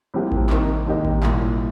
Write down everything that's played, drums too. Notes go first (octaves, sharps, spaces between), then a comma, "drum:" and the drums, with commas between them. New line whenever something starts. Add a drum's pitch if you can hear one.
C2 C3 F3 A#3 G4
drum: kick A1
D#3 C4 D#4 A#4, drum: clap
D#2 D#3 A#3 G4 D#5
drum: kick A1
C2 A#2 A#3, drum: clap